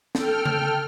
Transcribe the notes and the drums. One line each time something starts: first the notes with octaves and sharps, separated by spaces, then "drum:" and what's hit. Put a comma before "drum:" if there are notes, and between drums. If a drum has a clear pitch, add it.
A4 G5 F6, drum: snare
drum: tom C#3